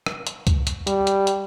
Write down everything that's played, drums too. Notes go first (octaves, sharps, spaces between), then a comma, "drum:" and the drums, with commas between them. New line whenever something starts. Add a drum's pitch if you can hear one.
drum: rim click
drum: hi-hat
drum: kick C#2, hi-hat
drum: hi-hat
G3, drum: hi-hat
drum: hi-hat
drum: hi-hat